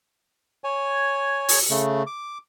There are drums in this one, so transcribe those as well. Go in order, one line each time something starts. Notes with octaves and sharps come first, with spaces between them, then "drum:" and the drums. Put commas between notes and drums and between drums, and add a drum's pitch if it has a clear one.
C#5 G#5
drum: open hi-hat
C#3 A3
D6